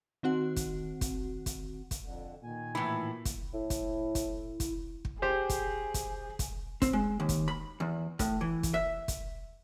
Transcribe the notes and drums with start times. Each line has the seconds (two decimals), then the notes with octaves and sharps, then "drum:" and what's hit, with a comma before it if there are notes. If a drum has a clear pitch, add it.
0.23 D#3 C4 F#4 F#5
0.56 drum: kick, hi-hat
1.01 drum: kick, hi-hat
1.46 drum: kick, hi-hat
1.91 drum: kick, hi-hat
2.03 F2 D3
2.44 A#2 D#3 G#5
2.75 A2 E3 B5
3.25 drum: kick, hi-hat
3.54 A2 E4
3.70 drum: kick, hi-hat
4.15 drum: kick, hi-hat
4.60 drum: kick, hi-hat
5.05 drum: kick
5.22 G4 G#4 C5
5.49 drum: kick, hi-hat
5.94 drum: kick, hi-hat
6.39 drum: kick, hi-hat
6.82 C4, drum: kick, hi-hat
6.93 G#3
7.20 D#2
7.29 drum: kick, hi-hat
7.48 B5
7.80 E2
8.19 A2, drum: kick, hi-hat
8.41 E3
8.63 drum: kick, hi-hat
8.74 E5
9.08 drum: kick, hi-hat